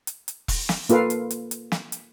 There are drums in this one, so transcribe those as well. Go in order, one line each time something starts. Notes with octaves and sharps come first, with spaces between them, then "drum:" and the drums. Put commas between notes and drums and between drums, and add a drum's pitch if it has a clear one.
drum: hi-hat
drum: hi-hat
drum: kick E1, open hi-hat
drum: snare
A#3 F4 A4 B4 F5, drum: hi-hat
drum: hi-hat
drum: hi-hat
drum: hi-hat
drum: snare
drum: hi-hat